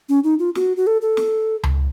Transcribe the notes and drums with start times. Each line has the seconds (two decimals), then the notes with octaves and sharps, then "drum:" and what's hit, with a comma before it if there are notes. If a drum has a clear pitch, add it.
0.09 C#4
0.24 D#4
0.39 F4
0.55 F#4, drum: snare
0.77 F#4
0.87 A4
1.02 A4
1.17 drum: snare
1.63 drum: tom C#2